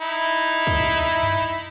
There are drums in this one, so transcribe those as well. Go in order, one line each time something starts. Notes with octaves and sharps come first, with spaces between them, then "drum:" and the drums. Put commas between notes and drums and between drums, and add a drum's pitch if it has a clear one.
D#4 E4
drum: kick
drum: tom F#2